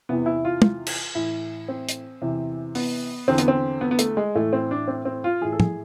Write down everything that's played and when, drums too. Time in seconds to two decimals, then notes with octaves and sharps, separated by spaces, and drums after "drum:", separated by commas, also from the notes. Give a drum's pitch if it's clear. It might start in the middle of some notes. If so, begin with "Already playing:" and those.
0.09 E2 C3 E3 B3
0.26 E4
0.45 F4
0.62 F4, drum: tom
0.87 drum: cymbal
1.15 A2 E3 E4
1.68 C4
1.89 drum: hi-hat
2.22 E2 C3 E3
2.75 B3, drum: open hi-hat
3.28 E2 D3 C4
3.38 B3, drum: hi-hat
3.48 C4
3.81 B3
3.91 B3
3.99 A3, drum: hi-hat
4.17 G#3
4.35 A2 E3 A3
4.53 C4
4.71 D4
4.88 C4
5.05 C4
5.24 F4
5.41 A2 E3 G#4
5.52 A4
5.60 G#4, drum: tom